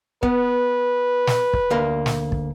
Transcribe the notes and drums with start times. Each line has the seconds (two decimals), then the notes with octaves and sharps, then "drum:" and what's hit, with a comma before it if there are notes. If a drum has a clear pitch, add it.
0.23 B3 B4, drum: kick
1.27 drum: snare
1.53 drum: kick
1.71 D2 A#3
2.06 drum: snare
2.32 drum: kick